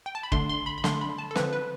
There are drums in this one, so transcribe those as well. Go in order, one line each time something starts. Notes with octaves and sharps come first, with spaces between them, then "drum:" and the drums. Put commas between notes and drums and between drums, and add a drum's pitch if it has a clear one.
G5
A5
B5
D3 A3 D4 C6, drum: kick
C6
B5
B5
D3 A3 D4 C6, drum: snare
B5
A5
A4
D3 F3 C4 B4, drum: snare
B4